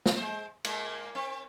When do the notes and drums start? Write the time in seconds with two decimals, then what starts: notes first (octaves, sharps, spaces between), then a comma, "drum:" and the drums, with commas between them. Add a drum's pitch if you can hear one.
0.06 drum: snare
0.16 G#3 C5
0.64 A#2 G#3 A#3, drum: cymbal
1.15 C4